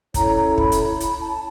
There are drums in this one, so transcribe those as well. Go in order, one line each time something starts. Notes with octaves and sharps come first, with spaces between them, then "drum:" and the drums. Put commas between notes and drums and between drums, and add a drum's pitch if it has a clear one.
C#4 E4 A4 C#5 A#5, drum: kick, hi-hat
A#5
B5, drum: kick
drum: hi-hat
B5, drum: hi-hat
A5
A5